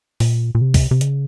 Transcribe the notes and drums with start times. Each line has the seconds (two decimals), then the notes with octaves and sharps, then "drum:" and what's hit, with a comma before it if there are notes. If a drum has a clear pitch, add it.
0.20 A#2, drum: open hi-hat
0.55 A#2
0.61 C3
0.74 drum: kick, open hi-hat
0.91 C3
1.01 C#3, drum: hi-hat